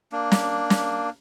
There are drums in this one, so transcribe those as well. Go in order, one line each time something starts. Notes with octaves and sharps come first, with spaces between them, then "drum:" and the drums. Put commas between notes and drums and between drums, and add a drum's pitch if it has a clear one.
A#3 D4
drum: snare
drum: snare